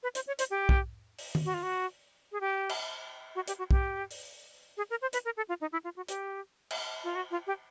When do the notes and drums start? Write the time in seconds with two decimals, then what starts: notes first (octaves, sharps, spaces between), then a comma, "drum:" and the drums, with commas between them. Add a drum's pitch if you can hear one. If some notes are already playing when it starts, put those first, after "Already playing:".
0.03 B4
0.15 C5, drum: hi-hat
0.27 C#5
0.39 C5, drum: hi-hat
0.50 G4
0.69 drum: kick B1
1.19 drum: open hi-hat
1.35 drum: tom D#3
1.45 F#4
1.54 F4
1.63 F#4
2.32 G#4
2.41 G4
2.69 drum: cymbal
3.35 F#4
3.48 G4, drum: hi-hat
3.58 F#4
3.71 G4, drum: kick B1
4.11 drum: open hi-hat
4.77 G#4
4.90 A#4
5.02 C5
5.13 B4, drum: hi-hat
5.25 A#4
5.37 A4
5.49 F4
5.61 D#4
5.72 E4
5.84 F4
5.96 F#4
6.08 G4, drum: hi-hat
6.70 drum: cymbal
7.04 F4
7.15 F#4
7.31 F4
7.47 G4